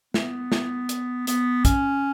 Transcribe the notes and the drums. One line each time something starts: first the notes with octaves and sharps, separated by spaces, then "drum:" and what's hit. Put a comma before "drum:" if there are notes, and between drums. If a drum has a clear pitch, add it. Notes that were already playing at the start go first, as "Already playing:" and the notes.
B3, drum: snare
drum: snare
drum: hi-hat
B3, drum: hi-hat
C#4, drum: kick, hi-hat